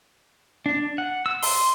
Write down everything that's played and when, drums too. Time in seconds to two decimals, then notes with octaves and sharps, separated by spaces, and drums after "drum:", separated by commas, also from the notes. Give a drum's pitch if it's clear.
0.66 D4
0.98 F#5
1.26 E6
1.43 C6, drum: open hi-hat